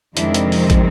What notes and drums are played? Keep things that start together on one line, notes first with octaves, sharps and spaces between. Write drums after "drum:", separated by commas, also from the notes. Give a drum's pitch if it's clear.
F2 C3 D#3 G#3 C4 D4 E4, drum: hi-hat
drum: hi-hat
drum: open hi-hat
drum: kick, hi-hat